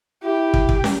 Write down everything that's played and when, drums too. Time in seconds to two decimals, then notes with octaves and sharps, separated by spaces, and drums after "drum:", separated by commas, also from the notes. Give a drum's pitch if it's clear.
0.23 E4 G4
0.54 drum: kick
0.69 drum: kick
0.84 drum: snare